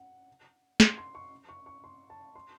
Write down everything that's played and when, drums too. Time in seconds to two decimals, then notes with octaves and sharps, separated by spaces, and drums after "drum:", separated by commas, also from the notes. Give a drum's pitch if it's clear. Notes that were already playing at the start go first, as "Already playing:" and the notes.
Already playing: F#5
0.80 C6, drum: snare
0.98 C6
1.15 C#6
1.49 C#6
1.66 C#6
1.84 C6
2.10 A5
2.35 C6